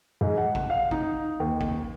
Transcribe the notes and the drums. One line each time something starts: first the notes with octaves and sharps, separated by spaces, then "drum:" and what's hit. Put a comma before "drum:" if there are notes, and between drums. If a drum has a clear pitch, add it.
G#2
F#5
drum: kick A1
F5
D#4, drum: kick A1
D#2
drum: kick A1